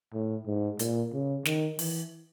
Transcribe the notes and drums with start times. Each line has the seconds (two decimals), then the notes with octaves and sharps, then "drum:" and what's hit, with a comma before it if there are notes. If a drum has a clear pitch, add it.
0.14 A2
0.46 G#2
0.79 A#2, drum: hi-hat
1.13 C#3
1.45 D#3, drum: snare
1.79 E3, drum: open hi-hat